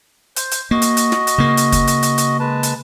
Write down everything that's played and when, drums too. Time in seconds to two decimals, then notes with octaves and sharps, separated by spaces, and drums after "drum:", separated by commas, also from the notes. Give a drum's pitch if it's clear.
0.36 C5, drum: hi-hat
0.51 drum: hi-hat
0.71 A#3 F#4 D#5
0.82 drum: hi-hat
0.97 drum: hi-hat
1.12 drum: snare
1.27 drum: hi-hat
1.38 C#3 A#3
1.57 drum: hi-hat
1.72 drum: kick, hi-hat
1.87 drum: hi-hat
2.03 drum: hi-hat
2.18 drum: hi-hat
2.40 G#3 B4 A5
2.63 drum: hi-hat